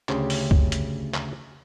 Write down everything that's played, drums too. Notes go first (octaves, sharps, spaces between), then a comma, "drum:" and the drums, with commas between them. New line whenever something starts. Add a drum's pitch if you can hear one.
D2 C#3 C#4 G4 C5 G5, drum: clap
drum: open hi-hat
drum: kick C#2
drum: hi-hat
drum: clap